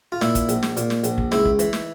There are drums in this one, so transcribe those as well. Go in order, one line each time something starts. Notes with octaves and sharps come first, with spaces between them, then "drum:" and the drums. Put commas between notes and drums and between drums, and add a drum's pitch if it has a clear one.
F4
A#2 E4, drum: snare
drum: kick, hi-hat
A#1, drum: hi-hat
drum: snare
A#2, drum: hi-hat
drum: snare
A#1, drum: hi-hat
drum: kick
C#2 E4, drum: snare
drum: kick
E3, drum: hi-hat
drum: snare